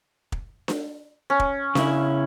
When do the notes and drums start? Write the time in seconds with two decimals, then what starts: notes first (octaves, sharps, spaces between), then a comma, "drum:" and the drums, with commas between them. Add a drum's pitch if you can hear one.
0.32 drum: kick
0.68 drum: snare D4
1.30 C#4
1.40 drum: kick
1.75 C#3 E4, drum: snare D4